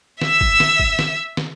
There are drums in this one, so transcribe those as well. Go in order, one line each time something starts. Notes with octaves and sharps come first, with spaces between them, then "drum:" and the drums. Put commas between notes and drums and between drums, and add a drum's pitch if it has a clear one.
E5 E6, drum: snare
drum: kick G1
drum: snare
drum: kick G1
drum: snare
drum: snare